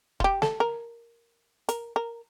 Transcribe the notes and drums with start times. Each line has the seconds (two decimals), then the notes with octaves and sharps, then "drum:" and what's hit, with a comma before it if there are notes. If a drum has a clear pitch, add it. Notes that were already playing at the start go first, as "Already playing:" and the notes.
0.20 F4, drum: kick
0.24 G4
0.42 A4, drum: snare
0.60 A#4
1.69 A#4, drum: hi-hat
1.96 A#4